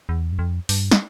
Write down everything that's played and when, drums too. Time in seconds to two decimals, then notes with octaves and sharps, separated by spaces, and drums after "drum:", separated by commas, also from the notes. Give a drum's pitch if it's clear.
0.09 E2
0.32 F#2
0.39 F2
0.69 G2, drum: open hi-hat
0.91 drum: snare